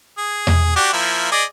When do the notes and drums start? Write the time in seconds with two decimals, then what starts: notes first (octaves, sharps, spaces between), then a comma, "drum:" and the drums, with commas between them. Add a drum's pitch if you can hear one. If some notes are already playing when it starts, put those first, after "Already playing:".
0.18 G#4
0.47 drum: tom E2
0.76 D4 F#4 G4
0.93 F3 A#3 E4
1.31 G#4 D5 D#5